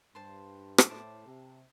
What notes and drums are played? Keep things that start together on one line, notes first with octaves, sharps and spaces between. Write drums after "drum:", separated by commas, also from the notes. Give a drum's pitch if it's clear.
G2 C5 A5 C6
drum: rim click
A2 C5 A5 D6
C3